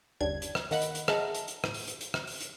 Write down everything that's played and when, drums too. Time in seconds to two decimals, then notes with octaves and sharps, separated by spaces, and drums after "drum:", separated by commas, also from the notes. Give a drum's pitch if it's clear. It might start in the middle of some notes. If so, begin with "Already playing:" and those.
0.20 G1 D#2 C#3 G3 D4 G#6
0.42 drum: hi-hat
0.55 drum: rim click
0.71 D#3 A#3 D#5 F#5 B5 F#6, drum: open hi-hat
0.82 drum: hi-hat
0.95 drum: hi-hat
1.08 G#4 D#5 E5 F#5 A5 A#5, drum: rim click
1.35 drum: hi-hat
1.48 drum: hi-hat
1.64 A2, drum: rim click
1.74 drum: open hi-hat
1.88 drum: hi-hat
2.01 drum: hi-hat
2.14 drum: rim click
2.27 drum: open hi-hat
2.40 drum: hi-hat